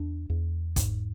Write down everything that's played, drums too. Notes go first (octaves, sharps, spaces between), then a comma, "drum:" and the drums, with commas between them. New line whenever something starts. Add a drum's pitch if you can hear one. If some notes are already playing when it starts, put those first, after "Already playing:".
Already playing: E2 D4
E2
G#2, drum: kick, hi-hat